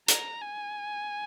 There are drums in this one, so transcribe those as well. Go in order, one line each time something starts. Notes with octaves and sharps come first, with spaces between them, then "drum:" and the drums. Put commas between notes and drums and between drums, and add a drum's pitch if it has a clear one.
A#5, drum: hi-hat
G#5